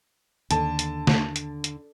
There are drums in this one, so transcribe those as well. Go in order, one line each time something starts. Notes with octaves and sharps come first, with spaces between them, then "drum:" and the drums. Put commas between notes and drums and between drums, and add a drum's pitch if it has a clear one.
D#2 D3 A5, drum: hi-hat
drum: hi-hat
drum: snare
drum: hi-hat
drum: hi-hat